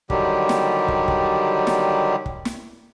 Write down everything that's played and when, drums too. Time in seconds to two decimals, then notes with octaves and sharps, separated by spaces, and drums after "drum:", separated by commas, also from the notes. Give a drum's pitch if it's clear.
0.10 D3 D#3 F#3 G3 G4, drum: kick
0.49 drum: snare
0.88 drum: kick
1.08 drum: kick
1.67 drum: snare
2.26 drum: kick
2.45 drum: snare